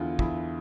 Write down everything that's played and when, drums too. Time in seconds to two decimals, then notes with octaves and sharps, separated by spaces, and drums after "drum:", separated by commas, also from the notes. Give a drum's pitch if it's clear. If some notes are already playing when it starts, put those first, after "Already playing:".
Already playing: E2 D3 E4 F4
0.19 E2 E4, drum: kick